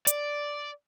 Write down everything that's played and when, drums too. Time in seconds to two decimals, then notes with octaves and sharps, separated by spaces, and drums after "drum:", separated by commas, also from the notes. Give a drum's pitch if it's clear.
0.07 D5, drum: hi-hat